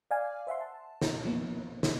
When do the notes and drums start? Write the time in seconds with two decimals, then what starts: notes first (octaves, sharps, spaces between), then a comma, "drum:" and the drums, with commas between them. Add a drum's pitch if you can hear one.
0.11 D5 F5 G#5
0.47 C5 E5 F#5 C6
0.61 A5
1.01 drum: snare
1.25 F3 A#3 B3
1.83 drum: snare